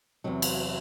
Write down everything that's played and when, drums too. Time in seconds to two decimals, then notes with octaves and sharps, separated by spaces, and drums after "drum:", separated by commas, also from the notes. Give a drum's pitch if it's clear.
0.24 E2 C3 F#3
0.42 drum: cymbal